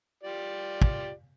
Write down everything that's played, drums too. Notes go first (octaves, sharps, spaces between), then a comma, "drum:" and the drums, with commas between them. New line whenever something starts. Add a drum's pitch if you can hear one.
F4 G4 D5
drum: kick